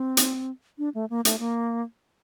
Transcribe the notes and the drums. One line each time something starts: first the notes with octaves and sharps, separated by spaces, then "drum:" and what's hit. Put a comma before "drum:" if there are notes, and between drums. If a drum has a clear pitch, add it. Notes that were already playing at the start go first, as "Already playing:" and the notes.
Already playing: C4
drum: hi-hat
D4
A3
A#3
A3, drum: hi-hat
A#3